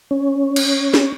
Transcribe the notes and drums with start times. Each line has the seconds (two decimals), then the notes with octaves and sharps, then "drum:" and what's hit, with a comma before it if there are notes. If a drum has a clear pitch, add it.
0.11 C#4
0.56 drum: cymbal
0.94 drum: snare